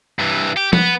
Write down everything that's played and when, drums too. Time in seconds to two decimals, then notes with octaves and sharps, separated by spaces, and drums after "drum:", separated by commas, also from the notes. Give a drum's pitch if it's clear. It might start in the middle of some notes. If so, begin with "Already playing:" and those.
0.19 G2 E3
0.57 G4
0.73 B3, drum: tom